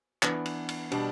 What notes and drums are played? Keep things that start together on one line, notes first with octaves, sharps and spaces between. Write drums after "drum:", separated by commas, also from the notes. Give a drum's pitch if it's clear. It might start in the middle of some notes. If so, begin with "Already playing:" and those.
E3 B3 D4, drum: clap
drum: cymbal
drum: cymbal
B2 G3 D4, drum: cymbal